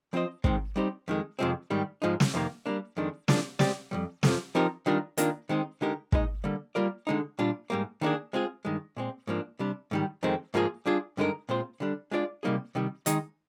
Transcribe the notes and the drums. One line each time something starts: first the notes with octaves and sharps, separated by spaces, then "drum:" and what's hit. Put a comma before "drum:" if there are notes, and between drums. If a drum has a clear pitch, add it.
F3 C4 F4 C5 D#5
G#2 D#3 G#3 C4, drum: kick
G3 C4 D#4 G4 C5
F2 D#3 G#3
F2 C3 F3 G#3 C4
G#2 D#3 G3
G#2 F3 G#3 D#4
drum: snare
F2 C3 D#3 A#3
G3 A#3 D4
F2 D#3 G#3 D4
F3 A#3 D4 G#4 D5, drum: snare
G#3 C4 G4 D5, drum: snare
F2 D#3 G3
F2 C3 F3, drum: snare
F3 C4 D#4 G4 A#4
D#3 G3 D4 F4 A#4
D#3 A#3 D4 F4 A#4, drum: hi-hat
D#3 G#3 C4 D#4
D3 G#3 D#4 G4 A#4
A#2 G#3 D#4 A#4 D#5, drum: kick
D3 G3 A#3
G3 A#3 F4 A#4 D5
D3 G#3 D#4
A#2 G3 D4 F4
G#2 G3 A#3
D#3 A#3 D4 G#4
G#3 C4 F4 G#4
G2 D#3 G#3
A#2 G#3 C4
G#2 F3 A#3 D4
C3 G3 D4
G#2 D#3 G3
F2 D#3 G#3 C4
G#2 F3 A#3 F4 G#4
G3 D4 F4 G#4
G2 D3 G#3 D#4 A#4
A#2 G#3 C4 F4 C5
D3 G3 D4
G#3 D4 F4 A#4 D5
C3 G3 A#3 D#4 G#4
C3 D#3 G3
D#3 G#3 D#4 G#4 D#5, drum: hi-hat